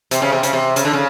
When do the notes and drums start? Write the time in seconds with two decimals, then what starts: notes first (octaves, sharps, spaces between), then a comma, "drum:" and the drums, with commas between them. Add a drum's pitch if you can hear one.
0.11 C3, drum: hi-hat
0.22 C#3
0.32 C3
0.43 C#3, drum: hi-hat
0.53 C3
0.76 C#3, drum: hi-hat
0.85 D3
0.93 C#3